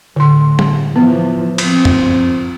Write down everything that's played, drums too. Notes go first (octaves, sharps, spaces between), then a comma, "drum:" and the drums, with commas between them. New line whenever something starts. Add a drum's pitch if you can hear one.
A2 D3 C6
drum: tom
E3 F3 B3
F3 C4, drum: cymbal
drum: tom